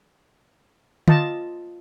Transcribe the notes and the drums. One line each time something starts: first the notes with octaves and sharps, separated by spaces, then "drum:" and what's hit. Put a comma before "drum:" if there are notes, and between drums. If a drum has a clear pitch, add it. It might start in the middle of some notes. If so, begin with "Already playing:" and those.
F4 D#5 A5, drum: tom D3